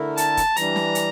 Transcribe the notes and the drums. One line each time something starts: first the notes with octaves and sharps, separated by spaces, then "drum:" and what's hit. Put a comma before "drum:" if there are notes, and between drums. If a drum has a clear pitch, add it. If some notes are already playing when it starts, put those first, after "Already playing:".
Already playing: D3 A3 E4 A#4
A5, drum: hi-hat
drum: kick, hi-hat
E3 G3 D4 A#5, drum: hi-hat
drum: snare
drum: hi-hat